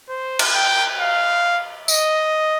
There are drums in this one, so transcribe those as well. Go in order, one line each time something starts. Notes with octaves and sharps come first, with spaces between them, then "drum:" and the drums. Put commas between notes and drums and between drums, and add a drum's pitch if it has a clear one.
C5
drum: cymbal
G5
F5
D#5, drum: tambourine